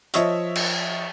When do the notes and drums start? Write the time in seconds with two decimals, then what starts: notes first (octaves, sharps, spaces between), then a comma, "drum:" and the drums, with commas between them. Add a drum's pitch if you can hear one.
0.14 F3 C#5 D#5 E5, drum: hi-hat
0.55 drum: cymbal